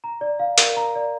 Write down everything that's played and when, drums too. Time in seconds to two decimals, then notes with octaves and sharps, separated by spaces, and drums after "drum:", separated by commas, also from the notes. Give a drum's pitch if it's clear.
0.04 A#5
0.21 D5
0.39 F5
0.58 A#4, drum: hi-hat
0.77 A#5
0.95 D5